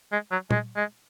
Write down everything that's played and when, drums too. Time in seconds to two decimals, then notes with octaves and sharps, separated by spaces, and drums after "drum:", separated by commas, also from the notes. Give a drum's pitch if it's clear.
0.12 G#3
0.31 F#3
0.51 G#3, drum: tom A#2
0.76 G#3